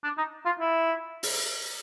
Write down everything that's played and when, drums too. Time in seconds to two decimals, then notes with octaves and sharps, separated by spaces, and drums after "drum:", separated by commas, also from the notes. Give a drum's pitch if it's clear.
0.04 D4
0.18 D#4
0.45 F4
0.60 E4
1.23 drum: open hi-hat